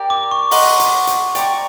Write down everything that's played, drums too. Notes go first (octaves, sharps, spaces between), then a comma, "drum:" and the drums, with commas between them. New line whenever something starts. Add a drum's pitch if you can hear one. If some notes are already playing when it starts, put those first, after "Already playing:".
Already playing: G4 A#4 D5 G5
D6
C#6
A#4 D#5 F#5 A#5 C6, drum: open hi-hat
drum: hi-hat
drum: hi-hat
D5 G5 A#5 C#6, drum: hi-hat